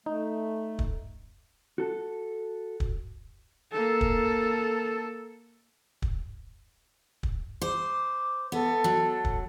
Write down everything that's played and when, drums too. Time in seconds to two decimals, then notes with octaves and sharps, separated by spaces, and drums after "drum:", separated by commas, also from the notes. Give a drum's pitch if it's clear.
0.06 A3 D#4
0.79 drum: kick
1.78 F#4 A4
2.80 drum: kick
3.73 A#3 A4
4.01 drum: kick
6.02 drum: kick
7.23 drum: kick
7.62 C5 D6
8.52 B3 A4
8.84 F#3
9.25 drum: kick